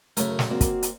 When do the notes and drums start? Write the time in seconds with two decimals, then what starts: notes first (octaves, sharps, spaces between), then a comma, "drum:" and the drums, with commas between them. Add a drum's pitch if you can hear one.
0.17 F#2 C#3 A3 A#4, drum: hi-hat
0.39 drum: snare
0.50 A#3 C4 F#4 D5
0.61 drum: kick, hi-hat
0.83 drum: hi-hat